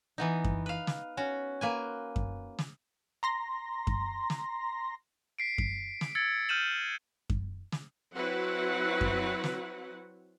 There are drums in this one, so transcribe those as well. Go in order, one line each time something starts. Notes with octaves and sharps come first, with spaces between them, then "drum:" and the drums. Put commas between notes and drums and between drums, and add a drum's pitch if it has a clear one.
E3 B3 D#4
drum: kick F#2
B4 F5
drum: snare
C#4 F#4
A#3 B4 G#5
drum: kick F#2
drum: snare
A#5 C6 A#6
drum: kick F#2
drum: snare
B6 C7 D7
drum: kick F#2
drum: snare
E6 G#6 A6 C#7
F6 G6 D#7 E7 F#7
drum: kick F#2
drum: snare
F#3 C4 E4 F#4 B4 F#5
drum: kick F#2
drum: snare